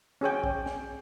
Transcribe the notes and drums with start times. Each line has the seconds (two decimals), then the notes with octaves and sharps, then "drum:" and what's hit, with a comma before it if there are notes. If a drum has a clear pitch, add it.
0.21 C#4 G#4 C#5 G5
0.44 drum: kick
0.66 drum: snare